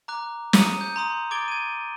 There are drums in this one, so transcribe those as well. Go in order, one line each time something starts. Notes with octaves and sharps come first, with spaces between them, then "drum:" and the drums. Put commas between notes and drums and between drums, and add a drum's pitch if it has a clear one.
A#5 D6 F#6
A#5 D#6 C#7 D#7, drum: snare
G6
A#5 C6 D#6
D6 G#6 A6 D7 G7
G#6 D#7